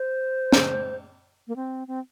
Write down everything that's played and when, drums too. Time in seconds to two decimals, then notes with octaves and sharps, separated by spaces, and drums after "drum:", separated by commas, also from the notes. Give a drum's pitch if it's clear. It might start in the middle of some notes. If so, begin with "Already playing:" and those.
Already playing: C5
0.52 drum: snare
1.48 A#3
1.56 C4
1.88 C4